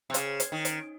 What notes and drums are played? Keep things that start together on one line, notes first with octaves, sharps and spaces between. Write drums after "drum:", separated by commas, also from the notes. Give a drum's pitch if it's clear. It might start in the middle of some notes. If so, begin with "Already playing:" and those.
C3
C#3, drum: hi-hat
drum: hi-hat
D#3
drum: hi-hat